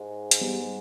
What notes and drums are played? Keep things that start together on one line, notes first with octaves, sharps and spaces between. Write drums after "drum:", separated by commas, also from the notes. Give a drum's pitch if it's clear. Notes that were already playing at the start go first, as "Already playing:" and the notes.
Already playing: G#2
drum: hi-hat
G3 B3